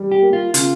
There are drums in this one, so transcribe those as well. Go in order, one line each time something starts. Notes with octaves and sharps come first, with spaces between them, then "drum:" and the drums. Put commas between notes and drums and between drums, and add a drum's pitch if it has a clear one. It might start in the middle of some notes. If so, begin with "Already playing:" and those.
Already playing: G3
G4
A#3
F4
C#3 F4, drum: hi-hat